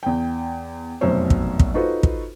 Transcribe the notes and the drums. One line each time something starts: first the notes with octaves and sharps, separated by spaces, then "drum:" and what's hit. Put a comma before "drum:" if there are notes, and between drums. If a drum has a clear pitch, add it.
E2 G5
F1 F#2 B2 C5 C#5
drum: kick
drum: kick
D#4 F4 F#4 A4 B4 C5
drum: kick